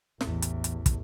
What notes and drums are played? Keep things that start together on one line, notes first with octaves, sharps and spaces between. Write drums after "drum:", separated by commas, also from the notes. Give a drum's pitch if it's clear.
A1 E2, drum: snare
drum: hi-hat
drum: hi-hat
drum: kick, hi-hat